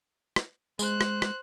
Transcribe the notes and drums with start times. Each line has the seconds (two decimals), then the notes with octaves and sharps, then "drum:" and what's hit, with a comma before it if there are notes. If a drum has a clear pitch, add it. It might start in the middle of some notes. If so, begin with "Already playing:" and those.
0.36 drum: rim click
0.79 G#3 C5 F#6, drum: tambourine
1.01 drum: rim click
1.22 drum: rim click